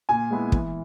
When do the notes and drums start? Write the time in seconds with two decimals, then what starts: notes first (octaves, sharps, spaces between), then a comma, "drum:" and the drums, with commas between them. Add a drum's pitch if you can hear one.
0.09 A#2 G#5
0.30 G#3 B3 E4
0.52 E3, drum: kick